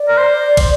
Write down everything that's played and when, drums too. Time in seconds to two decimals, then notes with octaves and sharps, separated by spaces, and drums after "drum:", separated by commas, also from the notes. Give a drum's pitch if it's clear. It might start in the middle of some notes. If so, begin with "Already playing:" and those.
Already playing: D5
0.08 A#4
0.18 C5
0.57 drum: kick, cymbal